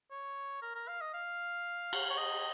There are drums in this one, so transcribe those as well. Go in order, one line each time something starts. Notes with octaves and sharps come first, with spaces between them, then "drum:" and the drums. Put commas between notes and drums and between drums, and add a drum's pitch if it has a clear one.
C#5
A#4
A#4
F5
D#5
F5
drum: cymbal
C#5
D#5